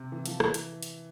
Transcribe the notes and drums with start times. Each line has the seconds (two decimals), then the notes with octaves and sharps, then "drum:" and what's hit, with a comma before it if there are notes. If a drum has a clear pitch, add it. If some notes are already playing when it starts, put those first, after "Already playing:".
Already playing: C3
0.12 E3
0.26 F3, drum: hi-hat
0.40 E3, drum: rim click
0.54 drum: hi-hat
0.83 drum: hi-hat